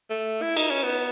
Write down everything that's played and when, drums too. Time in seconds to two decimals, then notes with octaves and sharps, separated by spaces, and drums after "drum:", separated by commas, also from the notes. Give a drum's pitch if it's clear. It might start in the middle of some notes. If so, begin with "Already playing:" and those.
0.10 A3
0.42 E4
0.57 D#4, drum: cymbal
0.70 C#4
0.83 B3